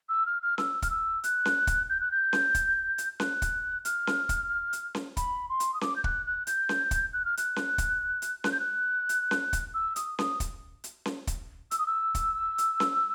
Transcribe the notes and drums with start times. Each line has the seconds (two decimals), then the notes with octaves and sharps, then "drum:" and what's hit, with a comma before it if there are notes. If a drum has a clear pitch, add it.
0.09 E6
0.26 F6
0.42 F6
0.58 E6, drum: snare C#4
0.82 F6, drum: kick, hi-hat
0.90 E6
1.24 F#6, drum: hi-hat
1.45 drum: snare C#4
1.67 drum: kick, hi-hat
1.90 G6
2.00 F#6
2.11 G6
2.33 drum: snare C#4
2.55 drum: kick, hi-hat
2.98 drum: hi-hat
3.20 F#6, drum: snare C#4
3.42 drum: kick, hi-hat
3.85 F6, drum: hi-hat
4.07 drum: snare C#4
4.29 drum: kick, hi-hat
4.73 drum: hi-hat
4.95 drum: snare C#4
5.17 B5, drum: kick, hi-hat
5.49 C6
5.60 drum: hi-hat
5.74 D#6
5.81 D6, drum: snare C#4
5.96 G6
6.04 F#6, drum: kick
6.26 F#6
6.47 G6, drum: hi-hat
6.69 drum: snare C#4
6.91 drum: kick, hi-hat
7.13 F#6
7.25 F6
7.37 F#6, drum: hi-hat
7.56 drum: snare C#4
7.78 drum: kick, hi-hat
8.22 drum: hi-hat
8.44 F#6, drum: snare C#4
8.52 G6
8.60 F#6
9.09 drum: hi-hat
9.31 drum: snare C#4
9.53 drum: kick, hi-hat
9.74 E6
9.96 D#6, drum: hi-hat
10.19 D#6, drum: snare C#4
10.40 drum: kick, hi-hat
10.84 drum: hi-hat
11.05 drum: snare C#4
11.27 drum: kick, hi-hat
11.71 E6, drum: hi-hat
11.79 D#6
11.87 E6
12.15 drum: kick, hi-hat
12.58 drum: hi-hat
12.80 drum: snare C#4